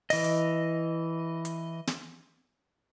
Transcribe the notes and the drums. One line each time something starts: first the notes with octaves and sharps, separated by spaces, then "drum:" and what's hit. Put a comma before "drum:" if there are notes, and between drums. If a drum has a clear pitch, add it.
E3 D#5, drum: open hi-hat
drum: hi-hat
drum: hi-hat
drum: snare